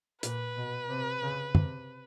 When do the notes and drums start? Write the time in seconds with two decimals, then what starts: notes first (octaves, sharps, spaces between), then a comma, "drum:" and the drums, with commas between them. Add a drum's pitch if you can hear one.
0.23 A#2 B4, drum: hi-hat
0.57 B2
0.89 C3
1.22 C#3
1.55 C3, drum: tom F#2